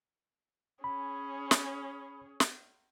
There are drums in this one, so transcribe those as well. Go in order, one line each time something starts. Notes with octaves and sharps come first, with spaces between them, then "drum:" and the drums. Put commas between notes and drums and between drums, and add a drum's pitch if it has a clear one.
C#4 G#4 B5
drum: snare
drum: snare